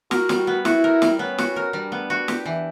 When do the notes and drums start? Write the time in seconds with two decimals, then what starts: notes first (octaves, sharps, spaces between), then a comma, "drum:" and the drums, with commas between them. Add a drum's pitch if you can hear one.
0.11 F#4 A#4, drum: snare
0.29 G3, drum: snare
0.47 B3
0.65 E4 F#4, drum: snare
0.84 A#4
1.02 G3, drum: snare
1.19 B3 C#4
1.38 F#4, drum: snare
1.56 A#4
1.73 G3 D4
1.92 B3
2.10 F#4
2.28 G4, drum: snare
2.46 E3